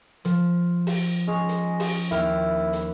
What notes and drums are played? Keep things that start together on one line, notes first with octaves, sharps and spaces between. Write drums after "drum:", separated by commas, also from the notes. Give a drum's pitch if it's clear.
F3, drum: hi-hat
drum: open hi-hat
G#3 C#4
drum: hi-hat
drum: open hi-hat
D#2 E4 G5 F6, drum: hi-hat
drum: hi-hat